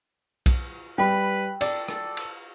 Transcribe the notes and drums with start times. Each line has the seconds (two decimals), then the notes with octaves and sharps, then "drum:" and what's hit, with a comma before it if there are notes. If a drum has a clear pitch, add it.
0.46 drum: kick, cymbal
0.98 G3 B4 G5 B5
1.61 A4 D5, drum: cymbal
1.88 A4, drum: rim click
2.17 drum: cymbal